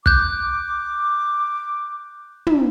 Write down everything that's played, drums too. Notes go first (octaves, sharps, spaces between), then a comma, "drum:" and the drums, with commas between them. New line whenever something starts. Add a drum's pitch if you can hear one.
D6 F#6 G6, drum: kick
drum: tom